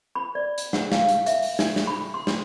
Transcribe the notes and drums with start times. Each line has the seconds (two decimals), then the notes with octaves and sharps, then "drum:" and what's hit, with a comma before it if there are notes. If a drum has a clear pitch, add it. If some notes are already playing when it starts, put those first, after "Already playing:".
0.15 B5
0.35 D5
0.58 drum: hi-hat
0.73 F#5, drum: snare
0.92 F5, drum: snare
1.09 drum: hi-hat
1.26 E5, drum: hi-hat
1.42 drum: open hi-hat
1.59 D#4, drum: snare
1.76 drum: snare
1.87 B5
2.14 C6
2.27 drum: snare